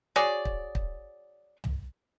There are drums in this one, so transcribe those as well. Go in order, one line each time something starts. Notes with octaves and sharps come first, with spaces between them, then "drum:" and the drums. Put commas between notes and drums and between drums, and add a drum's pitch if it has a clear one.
F#4 G#4 C#5 D5
drum: kick
drum: kick
drum: tom